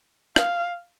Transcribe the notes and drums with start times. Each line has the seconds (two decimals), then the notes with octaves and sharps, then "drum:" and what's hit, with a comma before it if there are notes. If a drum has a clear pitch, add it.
0.36 F5, drum: rim click